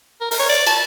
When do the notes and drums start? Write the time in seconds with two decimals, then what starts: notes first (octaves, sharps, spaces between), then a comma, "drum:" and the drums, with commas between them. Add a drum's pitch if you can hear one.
0.21 A#4
0.31 A#4, drum: open hi-hat
0.39 C#5
0.49 D5
0.67 A5, drum: cymbal